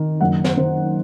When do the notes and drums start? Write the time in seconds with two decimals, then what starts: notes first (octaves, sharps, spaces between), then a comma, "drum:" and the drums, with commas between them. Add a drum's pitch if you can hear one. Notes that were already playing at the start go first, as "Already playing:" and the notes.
Already playing: D#3
0.21 F#1 F#5
0.44 drum: snare
0.57 D#3 C5